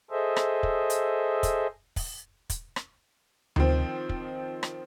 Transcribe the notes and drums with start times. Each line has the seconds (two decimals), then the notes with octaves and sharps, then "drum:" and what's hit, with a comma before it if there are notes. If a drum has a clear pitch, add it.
0.10 G#4 A4 C5 D#5 E5
0.36 drum: rim click
0.63 drum: kick
0.90 drum: hi-hat
1.43 drum: kick, hi-hat
1.96 drum: kick, open hi-hat
2.50 drum: kick, hi-hat
2.76 drum: rim click
3.56 D#3 F3 C4, drum: tom D2
4.09 drum: kick
4.63 drum: rim click